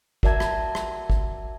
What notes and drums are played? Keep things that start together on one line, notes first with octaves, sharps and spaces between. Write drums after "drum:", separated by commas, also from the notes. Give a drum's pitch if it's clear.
F#4 A#4 D5 E5 A5 G#6, drum: kick
drum: rim click
drum: rim click
drum: kick